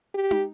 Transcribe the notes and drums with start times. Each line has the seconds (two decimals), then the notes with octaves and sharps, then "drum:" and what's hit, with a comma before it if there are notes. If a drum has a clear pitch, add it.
0.14 G4
0.31 drum: tom D#4